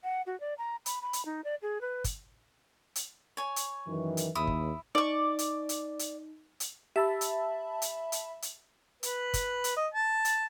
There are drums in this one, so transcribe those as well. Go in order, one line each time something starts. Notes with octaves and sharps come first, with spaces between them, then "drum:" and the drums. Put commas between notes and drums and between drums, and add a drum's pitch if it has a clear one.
F#5
F#4
D5
A#5
B5, drum: hi-hat
B5
drum: hi-hat
D#4
D5
G#4
B4
drum: kick, hi-hat
drum: hi-hat
C#5 G#5
drum: hi-hat
F#2 D#3 E3
drum: hi-hat
D#2 E4 D#6
drum: kick
D#4 D5 C#6
drum: hi-hat
drum: hi-hat
drum: hi-hat
drum: hi-hat
G4 E5 A5 B5
drum: hi-hat
drum: hi-hat
drum: hi-hat
drum: hi-hat
B4, drum: hi-hat
drum: kick, hi-hat
drum: hi-hat
D#5
A5
drum: hi-hat